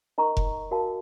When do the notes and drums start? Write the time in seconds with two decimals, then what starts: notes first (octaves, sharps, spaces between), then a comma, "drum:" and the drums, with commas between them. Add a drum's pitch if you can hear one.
0.18 D#4 A#4 D#5 A#5 C#6
0.37 drum: kick F1
0.71 F#4 A#4 F5 A5